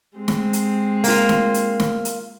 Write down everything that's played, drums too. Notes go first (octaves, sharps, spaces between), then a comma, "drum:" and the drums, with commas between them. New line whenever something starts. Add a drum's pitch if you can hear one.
G#3 C4
drum: snare
drum: hi-hat
A#3 F4, drum: open hi-hat
drum: snare
drum: hi-hat
drum: snare
drum: hi-hat